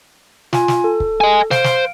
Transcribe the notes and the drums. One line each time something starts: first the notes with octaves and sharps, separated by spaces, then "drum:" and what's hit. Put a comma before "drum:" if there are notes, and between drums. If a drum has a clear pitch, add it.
F4 G#5, drum: snare
drum: snare
A4
drum: kick C#1
D#5 G#5
C5 F5 D7, drum: snare
drum: snare